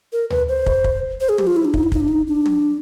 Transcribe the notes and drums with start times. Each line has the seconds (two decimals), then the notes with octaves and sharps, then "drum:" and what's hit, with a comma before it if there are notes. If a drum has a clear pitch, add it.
0.13 A#4
0.30 B4, drum: tom D2
0.49 C5
0.66 drum: kick
0.84 drum: kick
1.21 C5
1.29 G#4
1.38 G4, drum: tom
1.47 F4
1.56 E4
1.65 D4
1.74 D#4, drum: kick
1.83 E4
1.92 D#4, drum: kick
2.00 D4
2.08 D#4
2.27 D4
2.46 drum: tom